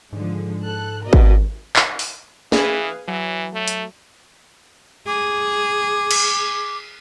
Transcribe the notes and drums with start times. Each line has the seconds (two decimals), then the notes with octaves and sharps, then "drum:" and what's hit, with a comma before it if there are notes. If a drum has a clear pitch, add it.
0.13 G#2 D3 F3 G#3
0.64 A4 F#6
1.03 B2 A#4 D5 D#5
1.13 drum: kick G#1
1.76 drum: clap
1.99 drum: open hi-hat
2.52 E3 G#4 B4 F5, drum: snare
3.08 E3 F#3
3.54 A3
3.68 drum: hi-hat
5.07 G#4 D6
6.11 drum: cymbal